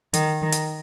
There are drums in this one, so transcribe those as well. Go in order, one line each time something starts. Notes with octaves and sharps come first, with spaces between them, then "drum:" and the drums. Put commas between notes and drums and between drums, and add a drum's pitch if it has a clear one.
D#3, drum: hi-hat
D#3
drum: hi-hat